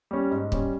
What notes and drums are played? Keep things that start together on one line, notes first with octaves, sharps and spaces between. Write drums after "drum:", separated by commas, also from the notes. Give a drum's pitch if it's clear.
G3 C#4
G#2
G3 C#4, drum: kick